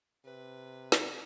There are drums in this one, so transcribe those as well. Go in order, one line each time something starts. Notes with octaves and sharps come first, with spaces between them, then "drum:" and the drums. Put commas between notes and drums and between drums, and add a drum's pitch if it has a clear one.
C3 B4
drum: snare